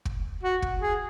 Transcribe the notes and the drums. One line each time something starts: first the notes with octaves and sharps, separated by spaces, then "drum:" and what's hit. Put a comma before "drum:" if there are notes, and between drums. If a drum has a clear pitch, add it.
drum: kick
F#4
drum: kick
G#4